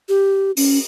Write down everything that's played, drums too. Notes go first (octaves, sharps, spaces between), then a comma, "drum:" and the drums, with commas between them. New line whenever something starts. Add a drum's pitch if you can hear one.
G4
C#4, drum: open hi-hat